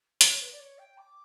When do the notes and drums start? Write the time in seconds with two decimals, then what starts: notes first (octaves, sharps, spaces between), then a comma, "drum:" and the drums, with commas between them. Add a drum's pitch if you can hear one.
0.21 C#5, drum: hi-hat
0.40 B4
0.52 D5
0.60 C#5
0.79 G5
0.98 D6